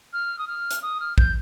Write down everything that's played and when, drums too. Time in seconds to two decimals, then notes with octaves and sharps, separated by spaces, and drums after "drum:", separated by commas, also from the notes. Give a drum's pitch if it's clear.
0.13 F6
0.39 D#6
0.48 F6
0.71 drum: hi-hat
0.83 D#6
1.00 F6
1.18 G6, drum: kick